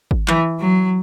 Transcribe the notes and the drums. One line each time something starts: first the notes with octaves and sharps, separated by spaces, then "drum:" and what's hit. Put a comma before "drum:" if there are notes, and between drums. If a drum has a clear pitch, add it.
drum: kick G#1
E3, drum: clap
F#3